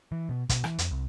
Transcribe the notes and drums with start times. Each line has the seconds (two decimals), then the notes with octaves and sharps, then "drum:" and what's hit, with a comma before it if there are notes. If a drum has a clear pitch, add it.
0.12 E3
0.29 B2
0.49 B2, drum: kick, hi-hat
0.64 E3, drum: rim click
0.79 F2, drum: hi-hat
0.91 C2